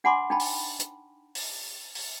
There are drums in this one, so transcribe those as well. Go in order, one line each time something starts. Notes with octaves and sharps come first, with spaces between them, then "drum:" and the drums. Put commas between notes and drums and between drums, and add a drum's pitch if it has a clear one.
D4 F#5 G#5 B5 C6 D6
D4 D#4 G5 A5 B5
drum: open hi-hat
drum: hi-hat
drum: open hi-hat
drum: open hi-hat